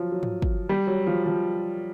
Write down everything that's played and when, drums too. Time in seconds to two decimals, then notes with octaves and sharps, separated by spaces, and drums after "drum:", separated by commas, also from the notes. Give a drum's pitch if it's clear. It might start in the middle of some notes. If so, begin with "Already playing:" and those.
Already playing: F3 F#3
0.12 F#3
0.23 drum: tom
0.42 drum: kick
0.69 G3
0.87 F#3
1.07 F3
1.26 F3